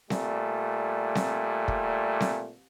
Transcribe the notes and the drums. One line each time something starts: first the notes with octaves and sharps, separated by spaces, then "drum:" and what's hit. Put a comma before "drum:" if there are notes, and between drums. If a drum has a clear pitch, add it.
A#2 G3 A3, drum: snare C4
drum: snare C4
drum: kick
drum: snare C4